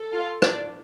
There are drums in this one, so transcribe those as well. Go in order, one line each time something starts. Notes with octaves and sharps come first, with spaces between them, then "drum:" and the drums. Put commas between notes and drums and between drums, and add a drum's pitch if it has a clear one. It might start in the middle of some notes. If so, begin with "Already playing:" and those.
Already playing: A4
F4 F5
D4 D5, drum: rim click